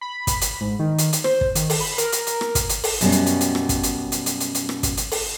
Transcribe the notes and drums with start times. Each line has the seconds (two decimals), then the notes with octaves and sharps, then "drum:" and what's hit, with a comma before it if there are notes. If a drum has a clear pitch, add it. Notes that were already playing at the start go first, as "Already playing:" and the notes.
0.01 B5
0.27 drum: kick, hi-hat
0.41 drum: hi-hat
0.61 G#2
0.79 D#3
0.98 drum: hi-hat
1.13 drum: hi-hat
1.24 C5, drum: rim click
1.41 drum: kick
1.55 D#3, drum: hi-hat
1.70 drum: open hi-hat
1.81 B5
1.98 A#4, drum: hi-hat
2.12 drum: hi-hat
2.27 drum: hi-hat
2.41 drum: rim click
2.55 drum: kick, hi-hat
2.69 drum: hi-hat
2.84 drum: open hi-hat
3.01 F#2 B2 G3 A#3 C#4, drum: hi-hat
3.12 drum: hi-hat
3.26 drum: hi-hat
3.41 drum: hi-hat
3.55 drum: rim click
3.69 drum: kick, hi-hat
3.83 drum: hi-hat
4.12 drum: hi-hat
4.26 drum: hi-hat
4.40 drum: hi-hat
4.55 drum: hi-hat
4.69 drum: rim click
4.83 drum: kick, hi-hat
4.97 drum: hi-hat
5.12 drum: open hi-hat